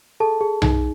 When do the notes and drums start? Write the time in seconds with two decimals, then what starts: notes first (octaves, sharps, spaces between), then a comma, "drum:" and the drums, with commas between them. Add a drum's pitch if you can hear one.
0.20 G#4 A4 A5
0.41 G#4
0.62 D#4, drum: tom B1